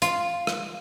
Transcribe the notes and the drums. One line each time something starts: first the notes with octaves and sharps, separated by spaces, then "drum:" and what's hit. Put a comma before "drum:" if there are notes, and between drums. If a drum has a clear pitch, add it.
F4, drum: hi-hat
drum: rim click